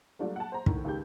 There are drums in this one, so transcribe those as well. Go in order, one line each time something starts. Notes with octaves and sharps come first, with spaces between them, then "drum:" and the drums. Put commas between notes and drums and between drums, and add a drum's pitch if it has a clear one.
F#3 G3 A3 D4 F4
F#5 A5
C5 A#5
A2 D3 D#3, drum: kick
C#2 D#3 G4 G6